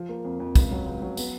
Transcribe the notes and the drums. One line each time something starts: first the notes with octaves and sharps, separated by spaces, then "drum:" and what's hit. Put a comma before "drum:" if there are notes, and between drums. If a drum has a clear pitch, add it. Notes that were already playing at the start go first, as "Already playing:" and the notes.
Already playing: F3
A#3
F2
F2
C#2, drum: kick, tambourine
F#3
C#2
F#3
B3, drum: tambourine